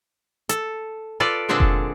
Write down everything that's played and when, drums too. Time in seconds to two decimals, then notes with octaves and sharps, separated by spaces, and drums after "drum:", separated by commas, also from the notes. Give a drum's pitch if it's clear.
0.49 A4, drum: hi-hat
1.20 F4 A4 B4 D5
1.49 A#2 D3 G#3 C4 D4 A4
1.60 drum: kick F1